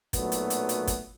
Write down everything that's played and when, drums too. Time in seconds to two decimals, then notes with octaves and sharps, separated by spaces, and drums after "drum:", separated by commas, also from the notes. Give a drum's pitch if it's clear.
0.13 B1 A#2 F#3 A3 B3, drum: kick G1, hi-hat
0.32 drum: hi-hat
0.50 drum: hi-hat
0.69 drum: hi-hat
0.87 drum: kick G1, hi-hat